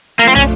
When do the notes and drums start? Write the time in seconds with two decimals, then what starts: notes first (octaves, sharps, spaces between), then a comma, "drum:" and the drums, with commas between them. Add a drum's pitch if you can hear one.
0.19 F3 A3 A#3 D4 F4
0.27 C4
0.35 C#4, drum: tom